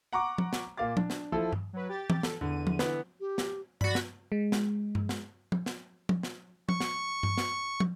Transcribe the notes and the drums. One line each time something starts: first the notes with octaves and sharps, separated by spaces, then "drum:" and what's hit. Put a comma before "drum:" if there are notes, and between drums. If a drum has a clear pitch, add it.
F#5 A#5 C#6 D6
drum: tom
drum: snare
A#2 A#3 F5 D6 A6
D4, drum: tom
drum: snare
F3 E4 A4
drum: tom G2
F#3 B4
G4 A6
drum: tom E3
A4, drum: snare
E2 D3 D#7
drum: tom
E3 B3, drum: snare
G4
drum: snare
F#4 D5 B5, drum: tom G2
drum: snare
G#3
drum: snare
drum: tom G2
drum: snare
drum: tom
drum: snare
drum: tom
drum: snare
C#6, drum: tom
drum: snare
drum: tom G2
drum: snare
drum: tom